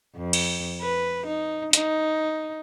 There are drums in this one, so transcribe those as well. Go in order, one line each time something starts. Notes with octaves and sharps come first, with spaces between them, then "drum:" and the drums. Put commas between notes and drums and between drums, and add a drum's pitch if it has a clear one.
F2
drum: cymbal
B4
D#4
D#4, drum: hi-hat